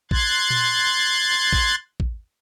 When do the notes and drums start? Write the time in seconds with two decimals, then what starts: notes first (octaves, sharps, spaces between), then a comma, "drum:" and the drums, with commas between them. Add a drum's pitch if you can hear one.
0.11 C6 F#6 G#6 A6, drum: kick
0.50 drum: tom A#2
1.53 drum: kick
2.00 drum: kick